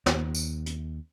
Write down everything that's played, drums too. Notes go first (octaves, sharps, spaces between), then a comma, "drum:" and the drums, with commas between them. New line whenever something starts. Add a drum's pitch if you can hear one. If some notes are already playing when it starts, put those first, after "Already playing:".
D#2, drum: snare
drum: tambourine
drum: hi-hat